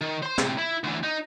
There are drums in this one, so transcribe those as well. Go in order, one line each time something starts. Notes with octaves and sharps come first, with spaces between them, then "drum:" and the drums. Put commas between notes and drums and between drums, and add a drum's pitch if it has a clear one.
D#3
C5 C6
A2 C3, drum: snare
E4
D2 E3
D#4